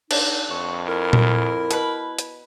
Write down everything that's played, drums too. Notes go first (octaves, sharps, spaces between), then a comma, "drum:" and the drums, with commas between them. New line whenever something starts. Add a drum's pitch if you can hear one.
D4 D#4, drum: cymbal
F2 C#6
E4 A#4
drum: tom A#2
B2 B4, drum: hi-hat
drum: hi-hat